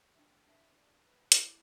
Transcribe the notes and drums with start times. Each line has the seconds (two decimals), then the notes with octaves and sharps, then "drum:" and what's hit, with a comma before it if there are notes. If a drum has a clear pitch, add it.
0.14 E5
0.19 D4 G5
0.47 D4 E5
0.76 D5
1.05 B4
1.32 E4 A4, drum: hi-hat
1.45 G4